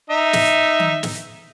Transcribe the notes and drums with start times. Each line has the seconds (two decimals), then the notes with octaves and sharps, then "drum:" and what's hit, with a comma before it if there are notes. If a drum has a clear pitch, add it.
0.10 D#4 E5
0.33 drum: snare
0.80 drum: tom D#3
1.03 drum: snare